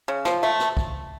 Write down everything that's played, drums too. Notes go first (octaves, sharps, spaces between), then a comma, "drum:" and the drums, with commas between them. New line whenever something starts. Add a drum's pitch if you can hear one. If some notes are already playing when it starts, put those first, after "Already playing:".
C#3
F3, drum: snare
A3
drum: snare
drum: kick